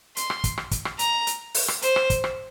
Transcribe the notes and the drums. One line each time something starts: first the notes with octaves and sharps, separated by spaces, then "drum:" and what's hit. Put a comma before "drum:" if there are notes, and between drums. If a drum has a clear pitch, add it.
C6, drum: hi-hat
drum: rim click
drum: kick, hi-hat
drum: rim click
drum: kick, hi-hat
drum: rim click
A#5, drum: hi-hat
drum: hi-hat
drum: open hi-hat
drum: rim click
C5, drum: hi-hat
drum: rim click
drum: kick, hi-hat
drum: rim click